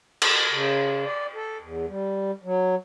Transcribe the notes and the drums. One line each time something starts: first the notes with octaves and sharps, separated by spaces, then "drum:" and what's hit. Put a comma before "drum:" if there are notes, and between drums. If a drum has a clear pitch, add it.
drum: cymbal
C#3
D5
A4
E2
G3
F#3